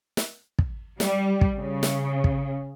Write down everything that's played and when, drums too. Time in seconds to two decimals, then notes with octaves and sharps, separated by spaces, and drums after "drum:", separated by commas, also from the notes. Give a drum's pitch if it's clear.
0.17 drum: snare
0.59 drum: kick
1.00 G3, drum: snare
1.41 drum: kick
1.57 C#3
1.83 drum: snare
2.24 drum: kick